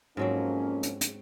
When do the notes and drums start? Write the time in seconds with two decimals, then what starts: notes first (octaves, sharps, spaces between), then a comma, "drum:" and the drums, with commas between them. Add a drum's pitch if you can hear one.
0.17 F2 G#2 F#3 A#3 C4 C#4
0.83 drum: hi-hat
1.01 drum: hi-hat